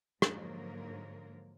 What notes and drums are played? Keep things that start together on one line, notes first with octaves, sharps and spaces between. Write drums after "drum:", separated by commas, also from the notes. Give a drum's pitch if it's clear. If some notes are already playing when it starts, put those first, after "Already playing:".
G#2 D3 F3 F#3 A#3 A#4, drum: rim click